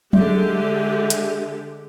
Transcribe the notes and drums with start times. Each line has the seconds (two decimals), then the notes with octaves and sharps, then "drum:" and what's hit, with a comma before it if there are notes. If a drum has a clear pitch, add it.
0.13 D3 G#3 G4 E5, drum: tom F#3
1.10 drum: hi-hat